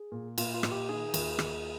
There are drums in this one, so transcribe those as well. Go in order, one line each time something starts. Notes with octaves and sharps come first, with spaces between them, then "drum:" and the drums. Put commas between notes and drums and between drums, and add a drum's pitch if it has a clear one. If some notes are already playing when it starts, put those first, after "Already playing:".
Already playing: G#4
A#2
A#2 F4, drum: cymbal
F4
A#2, drum: rim click
G4
D#3 G#4
D#2, drum: cymbal
D#2, drum: rim click